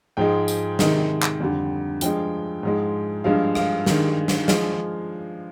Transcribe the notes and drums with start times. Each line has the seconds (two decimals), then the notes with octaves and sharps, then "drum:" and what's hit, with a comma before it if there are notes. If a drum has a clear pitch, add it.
0.17 G#2 F3 G#3 G5
0.48 drum: tambourine
0.79 C3 D#3 G#3, drum: snare
1.22 drum: clap
1.40 F2 D3 G3
2.01 G2 F3 G#3 G5, drum: hi-hat
2.63 G#2 F3 G#3
3.24 G2 F3 G#3 F5
3.55 F5, drum: rim click
3.86 G2 D#3 G#3, drum: snare
4.28 drum: snare
4.48 F3 G#3, drum: snare